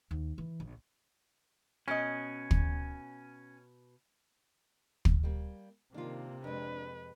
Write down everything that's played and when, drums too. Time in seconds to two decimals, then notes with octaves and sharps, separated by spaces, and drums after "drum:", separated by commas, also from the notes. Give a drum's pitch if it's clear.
0.11 D#2
0.38 E3
0.60 A#1
1.88 B2 C#4 D#5
2.51 drum: kick
5.05 drum: kick
5.23 G3 A#3
5.94 C3 D#3 A#3 D4 F4
6.44 F2 G#3 D4 B4